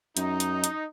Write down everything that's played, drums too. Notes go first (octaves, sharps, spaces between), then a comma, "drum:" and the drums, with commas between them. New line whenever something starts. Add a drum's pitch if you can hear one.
F#2 D#4, drum: hi-hat
drum: hi-hat
drum: hi-hat